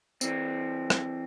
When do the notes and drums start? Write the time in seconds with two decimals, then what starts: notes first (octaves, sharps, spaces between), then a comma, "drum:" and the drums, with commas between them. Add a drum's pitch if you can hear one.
0.21 E3 C4, drum: tambourine
0.90 drum: rim click